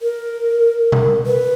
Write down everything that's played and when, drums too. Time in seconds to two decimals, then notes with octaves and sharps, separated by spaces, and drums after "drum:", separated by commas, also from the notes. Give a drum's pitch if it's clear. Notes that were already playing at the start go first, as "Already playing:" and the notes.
0.02 A#4
0.92 drum: tom B2
1.26 B4